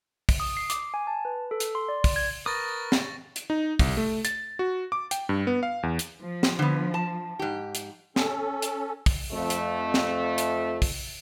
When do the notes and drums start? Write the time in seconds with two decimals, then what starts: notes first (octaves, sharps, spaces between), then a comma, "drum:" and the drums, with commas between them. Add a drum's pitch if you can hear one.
0.29 drum: kick, open hi-hat
0.40 D#6
0.57 C7
0.70 D6, drum: hi-hat
0.94 G#5
1.07 A5
1.25 B4
1.51 A4
1.60 drum: hi-hat
1.75 C6
1.89 D5
2.04 drum: kick, open hi-hat
2.16 G#6
2.46 A#4 B4 C#6 D#6 A6 A#6
2.92 drum: snare
3.36 drum: hi-hat
3.50 D#4
3.79 C2, drum: kick, open hi-hat
3.97 A3
4.25 A6, drum: hi-hat
4.59 F#4
4.92 D6
5.11 G5, drum: hi-hat
5.29 G2
5.47 B3
5.63 F5
5.83 E2
5.99 drum: hi-hat
6.21 F3
6.43 drum: snare
6.59 D3 B3
6.94 A5
7.39 G#2 G4
7.75 drum: hi-hat
8.16 C#4 A4, drum: snare
8.62 drum: hi-hat
9.06 drum: kick, open hi-hat
9.32 F2 A3
9.50 drum: hi-hat
9.94 drum: snare
10.38 drum: hi-hat
10.82 drum: kick, open hi-hat